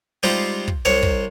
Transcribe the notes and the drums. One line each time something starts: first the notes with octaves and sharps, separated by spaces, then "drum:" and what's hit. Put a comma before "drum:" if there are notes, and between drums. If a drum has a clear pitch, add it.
G3 G#3 C4 D#4 F4 G4
drum: kick
C2 C4 C#5, drum: tom
drum: kick